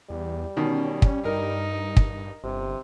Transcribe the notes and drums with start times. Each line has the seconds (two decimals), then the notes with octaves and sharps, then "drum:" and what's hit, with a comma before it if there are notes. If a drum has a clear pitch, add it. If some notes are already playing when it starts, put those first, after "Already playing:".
0.10 E2 G3
0.57 B2 D#3 C#4
1.02 drum: kick
1.25 G2 D#4 A#4
1.97 drum: kick
2.44 G1 C3